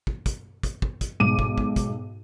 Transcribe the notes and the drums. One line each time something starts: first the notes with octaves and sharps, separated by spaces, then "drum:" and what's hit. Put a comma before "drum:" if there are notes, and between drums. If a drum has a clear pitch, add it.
drum: kick
drum: kick, hi-hat
drum: kick, hi-hat
drum: kick
drum: kick, hi-hat
B1 G#2 D6 D#7
drum: kick
drum: kick
drum: kick, hi-hat